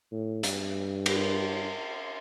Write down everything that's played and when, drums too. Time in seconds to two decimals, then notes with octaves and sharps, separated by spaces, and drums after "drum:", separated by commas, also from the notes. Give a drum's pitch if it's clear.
0.12 A2
0.43 G2, drum: hi-hat
1.06 drum: cymbal